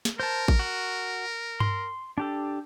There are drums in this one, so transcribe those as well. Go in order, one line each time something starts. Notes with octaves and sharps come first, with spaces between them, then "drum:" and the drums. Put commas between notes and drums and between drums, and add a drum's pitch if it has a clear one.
drum: snare
A#4 C5 A5
drum: kick A1
F#4
C6, drum: tom G2
D4 G4 A4